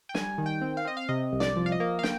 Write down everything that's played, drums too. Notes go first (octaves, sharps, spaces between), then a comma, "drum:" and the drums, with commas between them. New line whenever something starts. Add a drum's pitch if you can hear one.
G5
G3 G#5, drum: snare
D#3
G5
C4
F5
C4 D#5
F5
C3 D#5
C2
D5, drum: snare
F3
F5
D#5
A#3
F5
G5, drum: snare